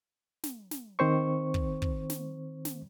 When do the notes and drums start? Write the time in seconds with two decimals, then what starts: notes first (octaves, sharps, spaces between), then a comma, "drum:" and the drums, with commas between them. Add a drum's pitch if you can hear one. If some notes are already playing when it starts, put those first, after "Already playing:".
0.44 drum: snare
0.71 drum: snare
0.99 D#3 C4 C5 C#6
1.54 drum: kick
1.82 drum: kick
2.10 drum: snare
2.65 drum: snare